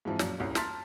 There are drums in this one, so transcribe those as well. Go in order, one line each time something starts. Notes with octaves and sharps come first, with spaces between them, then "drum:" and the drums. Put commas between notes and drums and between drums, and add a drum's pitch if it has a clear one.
G#2 E3 F3 C4
F#2 A#2, drum: snare
D#1 C2 C#4
A5 A#5 C6 F6 A6 B6, drum: snare